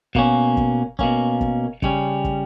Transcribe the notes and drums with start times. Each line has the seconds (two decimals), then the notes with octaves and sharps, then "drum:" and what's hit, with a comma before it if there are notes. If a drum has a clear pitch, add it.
0.15 B2 A#3 C#4, drum: kick
0.57 drum: kick
0.99 B2 A#3 C#4, drum: kick
1.41 drum: kick
1.82 C#3 G3 C#4, drum: kick
2.24 drum: kick